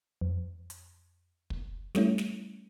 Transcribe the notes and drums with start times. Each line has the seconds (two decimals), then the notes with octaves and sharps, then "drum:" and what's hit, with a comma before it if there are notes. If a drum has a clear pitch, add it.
0.21 F2
0.70 drum: hi-hat
1.50 drum: kick
1.95 G3 A3 C#4 E4, drum: snare
2.18 drum: snare